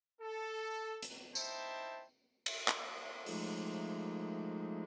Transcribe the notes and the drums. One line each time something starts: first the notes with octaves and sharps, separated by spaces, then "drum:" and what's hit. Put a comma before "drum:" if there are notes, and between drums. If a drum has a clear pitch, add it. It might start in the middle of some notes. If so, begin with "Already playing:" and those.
A4
drum: hi-hat
D#4 E4 C5 E5 G5 A5, drum: tambourine
drum: cymbal
drum: clap
F3 G#3 A3 D#4, drum: open hi-hat